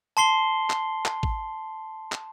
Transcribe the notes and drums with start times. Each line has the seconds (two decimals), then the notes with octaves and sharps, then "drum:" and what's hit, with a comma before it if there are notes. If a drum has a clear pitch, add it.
0.17 A5 C6 C7 G7
0.70 drum: clap
1.05 drum: clap
1.23 drum: kick G#1
2.12 drum: clap